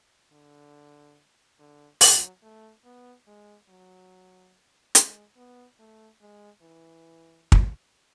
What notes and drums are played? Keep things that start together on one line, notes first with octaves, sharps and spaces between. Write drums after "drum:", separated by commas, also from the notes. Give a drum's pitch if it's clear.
D3
D3
F#3, drum: open hi-hat
A3
B3
G#3
F#3
G#3, drum: hi-hat
B3
A3
G#3
E3
drum: kick